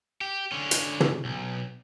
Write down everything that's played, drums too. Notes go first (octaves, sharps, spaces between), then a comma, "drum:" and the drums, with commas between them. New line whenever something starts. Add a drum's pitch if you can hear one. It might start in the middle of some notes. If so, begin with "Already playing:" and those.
G4
D3 C#4
drum: hi-hat
drum: tom
B1